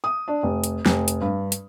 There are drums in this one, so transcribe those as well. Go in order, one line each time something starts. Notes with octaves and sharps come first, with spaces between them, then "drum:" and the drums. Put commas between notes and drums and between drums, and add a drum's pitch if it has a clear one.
D#6
D4
F1
drum: hi-hat
F1, drum: snare
drum: hi-hat
G2
drum: hi-hat